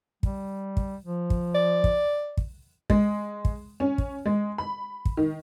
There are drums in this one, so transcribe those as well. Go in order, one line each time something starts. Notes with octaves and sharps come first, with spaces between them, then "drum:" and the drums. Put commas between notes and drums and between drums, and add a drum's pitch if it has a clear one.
G3, drum: kick
drum: kick
F3
drum: kick
D5
drum: kick
drum: kick
G#3, drum: kick
drum: kick
C#4
drum: kick
G#3
B5
drum: kick
D#3